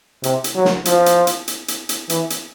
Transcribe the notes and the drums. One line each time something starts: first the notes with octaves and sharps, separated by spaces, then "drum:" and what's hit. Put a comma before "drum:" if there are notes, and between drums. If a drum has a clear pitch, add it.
C3, drum: hi-hat
drum: hi-hat
F#3
drum: snare
F3, drum: hi-hat
drum: hi-hat
drum: hi-hat
drum: hi-hat
drum: hi-hat
drum: hi-hat
E3, drum: hi-hat
drum: hi-hat